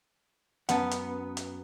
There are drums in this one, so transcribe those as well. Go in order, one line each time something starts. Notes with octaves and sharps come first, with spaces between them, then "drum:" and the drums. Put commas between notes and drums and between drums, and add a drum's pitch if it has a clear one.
F#2 B3 F#5 A5, drum: hi-hat
drum: hi-hat
drum: hi-hat